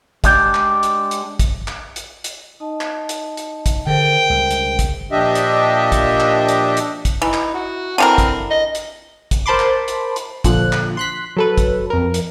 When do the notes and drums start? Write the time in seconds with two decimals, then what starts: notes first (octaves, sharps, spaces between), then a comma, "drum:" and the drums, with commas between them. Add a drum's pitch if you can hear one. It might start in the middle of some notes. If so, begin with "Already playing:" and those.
0.24 G#3 D4 G4, drum: kick, hi-hat
0.55 drum: clap
0.83 drum: hi-hat
1.11 drum: hi-hat
1.39 drum: kick, hi-hat
1.68 drum: clap
1.96 drum: hi-hat
2.24 drum: hi-hat
2.60 D#4 D#5 A5
2.81 drum: clap
3.09 drum: hi-hat
3.37 drum: hi-hat
3.66 drum: kick, hi-hat
3.87 D3 G#4 A#4 C5 G5
4.30 C#2 G3
4.51 drum: hi-hat
4.79 drum: kick, hi-hat
5.11 A#2 F3 D4 G4 D#5 E5
5.35 drum: hi-hat
5.92 drum: kick, hi-hat
6.20 drum: clap
6.49 drum: hi-hat
6.77 drum: hi-hat
7.05 drum: kick, hi-hat
7.22 E3 D#4
7.33 drum: clap
7.54 F#4
7.98 D3 E3 C4 A#4
8.18 drum: kick, hi-hat
8.50 D#5
8.75 drum: hi-hat
9.31 drum: kick, hi-hat
9.46 A#4 C5 A5 B5 C6 D6
9.60 drum: clap
9.88 drum: hi-hat
10.16 drum: hi-hat
10.44 A#2 D3 F3 F#6, drum: kick, hi-hat
10.73 drum: clap
10.97 C6 F#6 B6
11.37 F#3 A4 B4
11.58 drum: kick, hi-hat
11.90 F2 A#4
12.14 drum: hi-hat